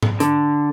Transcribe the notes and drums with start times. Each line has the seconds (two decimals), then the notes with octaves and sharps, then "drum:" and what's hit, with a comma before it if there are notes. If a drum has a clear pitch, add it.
0.03 drum: tom G#2
0.20 D3, drum: hi-hat